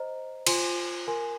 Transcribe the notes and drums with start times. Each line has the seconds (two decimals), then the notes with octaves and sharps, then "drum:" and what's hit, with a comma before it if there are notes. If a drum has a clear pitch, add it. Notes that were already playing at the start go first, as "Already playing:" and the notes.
Already playing: C5 D#5 A#5
0.47 F4 C5 G#5 C6, drum: cymbal
1.07 A#4 G#5 C6